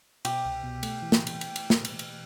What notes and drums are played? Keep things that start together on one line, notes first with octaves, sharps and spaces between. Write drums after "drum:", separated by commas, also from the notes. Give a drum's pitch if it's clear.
B2 G4, drum: cymbal
C2
B2
A3, drum: cymbal
E3
drum: snare
drum: cymbal
drum: cymbal
drum: cymbal
drum: snare
drum: cymbal
drum: cymbal